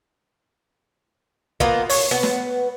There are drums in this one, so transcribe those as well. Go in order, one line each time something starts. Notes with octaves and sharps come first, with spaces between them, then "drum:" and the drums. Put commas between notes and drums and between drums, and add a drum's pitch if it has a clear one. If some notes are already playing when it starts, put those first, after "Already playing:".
A#3 B3 F4, drum: kick
C#5, drum: open hi-hat
B3
drum: snare